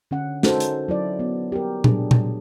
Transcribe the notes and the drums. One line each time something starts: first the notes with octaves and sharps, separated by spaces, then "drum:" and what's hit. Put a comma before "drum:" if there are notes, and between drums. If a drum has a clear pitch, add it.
D3 C#4 F#5
C#4 D#4 F#4 A4 A#4 C5, drum: snare
drum: hi-hat
F#3 E4 D5
B3
G4 A#4
F#3 D4 G#4, drum: tom A#2
drum: tom A#2